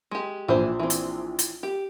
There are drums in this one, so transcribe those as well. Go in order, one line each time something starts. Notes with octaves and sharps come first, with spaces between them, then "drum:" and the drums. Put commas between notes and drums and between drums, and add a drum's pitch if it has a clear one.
G#3 G4
A#1 E3 E4 C5
E3 C4
drum: hi-hat
drum: hi-hat
G4